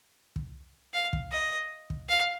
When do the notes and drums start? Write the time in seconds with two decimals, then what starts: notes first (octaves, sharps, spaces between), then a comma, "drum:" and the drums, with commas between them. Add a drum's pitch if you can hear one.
0.36 drum: kick
0.94 F5
1.13 drum: kick
1.32 D#5
1.90 drum: kick
2.09 F5